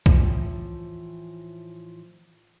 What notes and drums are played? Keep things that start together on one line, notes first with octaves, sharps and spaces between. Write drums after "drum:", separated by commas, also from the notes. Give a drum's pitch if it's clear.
A2 E3 F3, drum: kick C2